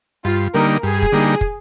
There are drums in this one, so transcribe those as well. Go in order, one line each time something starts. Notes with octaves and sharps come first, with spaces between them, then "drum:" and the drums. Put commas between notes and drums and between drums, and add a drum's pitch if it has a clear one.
G2 F4
D3 G3 A#3 D#4 A#4
G2 G#4
drum: kick
D3 G3 A#3 D#4
drum: kick